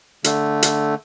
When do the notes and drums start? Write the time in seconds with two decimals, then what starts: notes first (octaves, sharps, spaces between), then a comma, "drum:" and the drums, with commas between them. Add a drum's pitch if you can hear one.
0.24 D3 A3, drum: hi-hat
0.62 drum: hi-hat